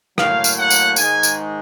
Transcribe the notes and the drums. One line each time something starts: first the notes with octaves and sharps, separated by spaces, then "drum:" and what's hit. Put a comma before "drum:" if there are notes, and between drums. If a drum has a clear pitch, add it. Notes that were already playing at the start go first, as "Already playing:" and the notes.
A2 F#3 A#3 F5, drum: rim click
drum: tambourine
F#5
drum: tambourine
G#2 D#3 G#3 G#5, drum: tambourine
drum: tambourine